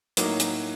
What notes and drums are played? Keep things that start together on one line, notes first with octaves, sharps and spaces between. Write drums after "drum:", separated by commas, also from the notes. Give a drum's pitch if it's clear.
A2 F#3 A#3 D#4 D6, drum: hi-hat
drum: hi-hat